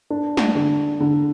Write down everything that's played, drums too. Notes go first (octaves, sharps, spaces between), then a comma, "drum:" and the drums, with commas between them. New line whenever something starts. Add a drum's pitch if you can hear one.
D4
drum: snare
D3
D3